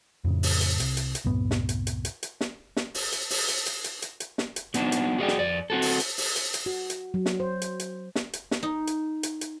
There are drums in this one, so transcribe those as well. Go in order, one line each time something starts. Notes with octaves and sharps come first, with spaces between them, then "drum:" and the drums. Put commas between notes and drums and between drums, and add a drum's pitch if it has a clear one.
F2 A2 C#3
drum: open hi-hat
drum: hi-hat
C2, drum: hi-hat
drum: hi-hat
drum: hi-hat
C2 F#2 A2 B3
drum: snare
drum: hi-hat
drum: hi-hat
drum: hi-hat
drum: hi-hat
drum: snare
drum: snare
drum: open hi-hat
drum: hi-hat
drum: open hi-hat
drum: hi-hat
drum: hi-hat
drum: hi-hat
drum: hi-hat
drum: hi-hat
drum: snare
drum: hi-hat
F#3 B3 D4 D#4, drum: hi-hat
drum: hi-hat
F#4 G#4 D5 G5
drum: snare
F2 D5
C4 F#4 A4
drum: open hi-hat
drum: hi-hat
drum: open hi-hat
drum: hi-hat
drum: hi-hat
F#4
drum: hi-hat
F#3
drum: snare
C5
drum: hi-hat
drum: hi-hat
drum: snare
drum: hi-hat
drum: snare
D#4
drum: hi-hat
drum: hi-hat
drum: hi-hat